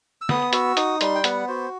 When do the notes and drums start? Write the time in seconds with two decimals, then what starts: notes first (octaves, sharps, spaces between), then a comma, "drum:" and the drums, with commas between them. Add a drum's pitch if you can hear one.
0.21 E6
0.29 B3 D#6, drum: snare
0.53 F#4 E6, drum: hi-hat
0.77 D#4 D#6, drum: hi-hat
1.01 G3 C6, drum: hi-hat
1.15 G5
1.24 B3 F#5, drum: hi-hat
1.48 F#4 C5